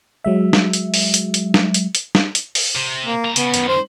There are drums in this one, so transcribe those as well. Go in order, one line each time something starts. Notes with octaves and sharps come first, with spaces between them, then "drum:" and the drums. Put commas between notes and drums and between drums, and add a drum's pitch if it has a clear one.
F#3 G#3 E5
drum: snare
drum: hi-hat
drum: open hi-hat
drum: hi-hat
drum: hi-hat
drum: snare
drum: hi-hat
drum: hi-hat
drum: snare
drum: hi-hat
drum: open hi-hat
C3
A#3
G3 A#5
C#3 B3, drum: hi-hat
F#2 D#3, drum: hi-hat
C5